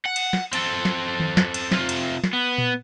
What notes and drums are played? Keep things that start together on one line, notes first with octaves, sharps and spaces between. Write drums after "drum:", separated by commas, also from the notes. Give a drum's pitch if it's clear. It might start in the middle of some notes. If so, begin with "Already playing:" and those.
F#5
drum: cymbal
drum: snare
C4 A4, drum: cymbal
drum: snare
drum: tom D#3
drum: snare
drum: cymbal
C3 F4, drum: snare
drum: cymbal
drum: snare
B3
drum: tom A#2